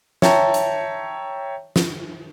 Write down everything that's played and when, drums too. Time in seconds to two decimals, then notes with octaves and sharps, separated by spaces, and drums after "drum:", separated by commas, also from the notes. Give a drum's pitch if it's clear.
0.22 C#5 E5 G5 A5 A#5 C#6, drum: snare
0.54 drum: hi-hat
1.76 drum: snare